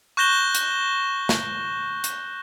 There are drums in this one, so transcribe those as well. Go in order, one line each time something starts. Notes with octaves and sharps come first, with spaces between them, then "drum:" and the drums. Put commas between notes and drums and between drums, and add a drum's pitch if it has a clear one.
C#6 F#6 G6 A#6 E7 G7
drum: hi-hat
drum: snare
drum: hi-hat